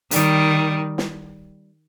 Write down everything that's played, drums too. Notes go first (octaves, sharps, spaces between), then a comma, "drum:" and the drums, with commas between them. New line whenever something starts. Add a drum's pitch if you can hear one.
D#3 G3, drum: hi-hat
drum: snare